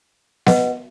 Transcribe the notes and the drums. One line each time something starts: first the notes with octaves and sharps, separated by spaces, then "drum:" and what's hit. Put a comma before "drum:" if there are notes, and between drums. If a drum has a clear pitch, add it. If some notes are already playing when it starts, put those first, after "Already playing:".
B4 D#5 F#5, drum: snare B3